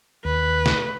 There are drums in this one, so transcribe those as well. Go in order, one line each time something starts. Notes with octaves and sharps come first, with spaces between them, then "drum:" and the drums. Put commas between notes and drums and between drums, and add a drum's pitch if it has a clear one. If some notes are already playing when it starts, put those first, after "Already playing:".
D#2 B4
drum: snare